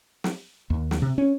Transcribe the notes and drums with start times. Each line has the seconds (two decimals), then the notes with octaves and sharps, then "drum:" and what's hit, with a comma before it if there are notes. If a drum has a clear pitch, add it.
0.24 drum: snare
0.70 D#2
0.91 drum: snare
1.02 C3
1.18 C#4